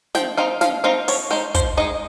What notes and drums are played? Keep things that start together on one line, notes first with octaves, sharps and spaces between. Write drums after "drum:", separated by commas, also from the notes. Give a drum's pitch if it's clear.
F3 G5, drum: snare
C4 D#4 F5
F3 F5, drum: snare
C4 D#4 F5
F3 C#5, drum: open hi-hat
G#3 D#4 C5
F3 C5, drum: kick, hi-hat
G#3 D#4 D#5